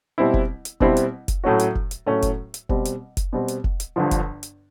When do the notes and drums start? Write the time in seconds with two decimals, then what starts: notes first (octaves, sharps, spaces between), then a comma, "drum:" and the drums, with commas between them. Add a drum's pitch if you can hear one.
0.18 B2 G3 C4 E4
0.34 drum: kick F1
0.65 drum: hi-hat
0.80 B2 G3 C4 E4, drum: kick F1
0.97 drum: hi-hat
1.28 drum: kick F1, hi-hat
1.44 A2 F#3 A3 C#4 F#4
1.59 drum: hi-hat
1.75 drum: kick F1
1.91 drum: hi-hat
2.06 A2 F#3 A3 C#4 F#4
2.22 drum: kick F1, hi-hat
2.54 drum: hi-hat
2.69 B2 G3 C4, drum: kick F1
2.85 drum: hi-hat
3.17 drum: kick F1, hi-hat
3.33 B2 G3 C4
3.48 drum: hi-hat
3.64 drum: kick F1
3.80 drum: hi-hat
3.96 G1 G2 D3 F3
4.11 drum: kick F1, hi-hat
4.43 drum: hi-hat